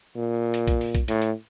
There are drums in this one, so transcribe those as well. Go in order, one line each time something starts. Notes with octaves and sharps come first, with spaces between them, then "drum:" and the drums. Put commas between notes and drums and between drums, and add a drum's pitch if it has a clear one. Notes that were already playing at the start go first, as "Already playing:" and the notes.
A#2
drum: hi-hat
drum: kick, hi-hat
drum: open hi-hat
drum: kick, hi-hat
A2, drum: hi-hat
drum: hi-hat